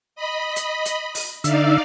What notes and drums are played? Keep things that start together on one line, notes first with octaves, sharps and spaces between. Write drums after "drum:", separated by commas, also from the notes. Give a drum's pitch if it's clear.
D#5 B5
drum: hi-hat
drum: hi-hat
drum: open hi-hat
D3 D#4 D5 E5 F5, drum: hi-hat